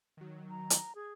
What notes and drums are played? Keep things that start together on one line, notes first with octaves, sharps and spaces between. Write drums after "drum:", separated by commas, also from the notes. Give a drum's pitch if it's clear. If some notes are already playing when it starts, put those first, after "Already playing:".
D#3 F#3
A#5
drum: hi-hat
G#4